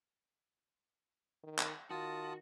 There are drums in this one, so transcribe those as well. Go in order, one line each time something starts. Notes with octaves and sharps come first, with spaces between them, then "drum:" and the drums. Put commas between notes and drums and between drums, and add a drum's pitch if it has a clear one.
D#3
drum: clap
D#3 F4 F#4 A5 D#6